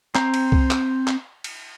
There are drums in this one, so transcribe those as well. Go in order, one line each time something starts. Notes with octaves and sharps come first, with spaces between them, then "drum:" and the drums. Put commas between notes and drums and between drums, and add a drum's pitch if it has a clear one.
C4 C5 A#5, drum: clap
drum: cymbal
drum: kick C2
drum: clap
drum: clap
drum: cymbal